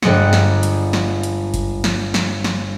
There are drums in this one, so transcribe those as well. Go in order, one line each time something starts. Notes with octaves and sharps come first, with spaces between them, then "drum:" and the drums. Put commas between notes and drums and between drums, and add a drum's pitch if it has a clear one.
G1 G3 G#3 F#6 C#7, drum: snare
drum: snare
drum: hi-hat
drum: snare
drum: hi-hat
drum: kick G1, hi-hat
drum: snare
drum: snare
drum: snare